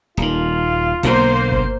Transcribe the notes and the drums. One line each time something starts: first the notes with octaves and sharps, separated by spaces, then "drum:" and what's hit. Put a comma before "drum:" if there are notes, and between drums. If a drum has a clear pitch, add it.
D#1 D#3 F4
B1 B2 D3 A#3 C5, drum: hi-hat
drum: kick G1